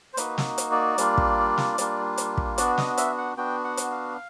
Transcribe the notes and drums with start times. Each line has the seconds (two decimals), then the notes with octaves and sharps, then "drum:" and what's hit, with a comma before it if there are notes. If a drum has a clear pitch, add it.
0.13 C5
0.17 A#3 D#4 F#4 B4, drum: hi-hat
0.38 drum: snare
0.58 drum: hi-hat
0.71 D5
0.98 G3 A#3 D4 F4, drum: hi-hat
1.18 drum: kick
1.58 drum: snare
1.78 G3 A#3 D4 F4, drum: hi-hat
2.18 drum: hi-hat
2.37 drum: kick
2.58 B3 D4 F#4 D5, drum: hi-hat
2.78 D#5, drum: snare
2.97 E5, drum: hi-hat
3.18 F#5
3.37 B3 D4 F#4 G5
3.64 F#5
3.77 drum: hi-hat
3.91 F5